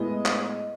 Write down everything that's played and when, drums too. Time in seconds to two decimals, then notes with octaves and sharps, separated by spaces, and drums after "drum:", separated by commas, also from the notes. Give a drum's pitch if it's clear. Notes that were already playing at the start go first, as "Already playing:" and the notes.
Already playing: A2 G#3 B3 D#5
0.26 drum: clap